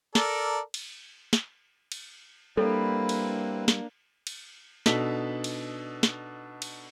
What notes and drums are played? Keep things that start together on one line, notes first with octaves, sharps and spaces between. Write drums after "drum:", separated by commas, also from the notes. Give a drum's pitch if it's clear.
A4 A#4 D5, drum: snare
drum: cymbal
drum: snare
drum: cymbal
G3 A#3 C4 D4 E4 A4 B4
drum: cymbal
drum: snare
drum: cymbal
B2 D4 D#4 A4 B6, drum: snare
drum: cymbal
drum: snare
drum: cymbal